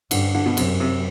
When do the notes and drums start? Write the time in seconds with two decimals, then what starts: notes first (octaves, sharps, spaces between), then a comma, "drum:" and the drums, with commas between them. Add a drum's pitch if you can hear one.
0.11 G2 D3, drum: cymbal
0.35 D3
0.46 B2
0.57 F#2 C3, drum: cymbal
0.80 C3